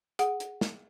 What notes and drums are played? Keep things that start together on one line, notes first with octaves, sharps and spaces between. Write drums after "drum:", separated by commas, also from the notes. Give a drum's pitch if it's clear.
G#4 F#5, drum: hi-hat
drum: hi-hat
drum: snare